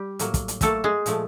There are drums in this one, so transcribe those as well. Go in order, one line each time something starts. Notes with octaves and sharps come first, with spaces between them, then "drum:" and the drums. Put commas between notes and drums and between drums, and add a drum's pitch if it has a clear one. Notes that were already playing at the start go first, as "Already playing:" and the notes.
Already playing: G3 G4
A2 F#3 A#3, drum: hi-hat
drum: kick, hi-hat
drum: hi-hat
A2 F#3 A3 A#3 A4, drum: kick, hi-hat
G#3 G#4
A#2 F3 A3, drum: hi-hat